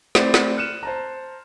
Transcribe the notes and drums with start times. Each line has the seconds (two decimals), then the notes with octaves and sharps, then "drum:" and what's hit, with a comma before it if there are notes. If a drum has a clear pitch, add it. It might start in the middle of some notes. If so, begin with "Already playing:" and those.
0.15 A3 C4 E4 C5 D5, drum: snare
0.34 drum: snare
0.57 F6 F#6 C#7 D#7 E7
0.83 C5 A5 A#5